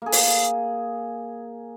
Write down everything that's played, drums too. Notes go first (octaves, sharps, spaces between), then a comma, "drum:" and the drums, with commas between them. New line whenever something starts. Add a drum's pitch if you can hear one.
A#3 G#4
drum: open hi-hat